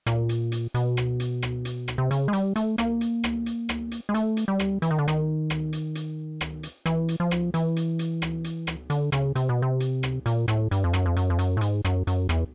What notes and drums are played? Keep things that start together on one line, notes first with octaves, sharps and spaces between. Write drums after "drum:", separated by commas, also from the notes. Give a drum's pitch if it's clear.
A#2, drum: rim click
drum: hi-hat
drum: hi-hat
B2, drum: hi-hat
drum: rim click
drum: hi-hat
drum: rim click
drum: hi-hat
drum: rim click
C3
C#3, drum: hi-hat
G#3
G3, drum: hi-hat
A3, drum: hi-hat
A#3, drum: rim click
drum: hi-hat
drum: rim click
drum: hi-hat
drum: rim click
drum: hi-hat
G#3
A3, drum: hi-hat
drum: hi-hat
G3
drum: rim click
E3, drum: hi-hat
D#3
D3
D#3, drum: rim click
drum: rim click
drum: hi-hat
drum: hi-hat
drum: rim click
drum: hi-hat
E3, drum: rim click
drum: hi-hat
F3
drum: rim click
E3, drum: hi-hat
drum: hi-hat
drum: hi-hat
drum: rim click
drum: hi-hat
drum: rim click
D3, drum: hi-hat
C#3, drum: rim click
C3, drum: hi-hat
B2
C3
drum: hi-hat
drum: rim click
A#2, drum: hi-hat
A2, drum: rim click
G2, drum: hi-hat
F2
F#2, drum: rim click
F2
F#2, drum: hi-hat
F2
F#2, drum: hi-hat
A2
G#2, drum: hi-hat
F#2, drum: rim click
F#2, drum: hi-hat
E2, drum: rim click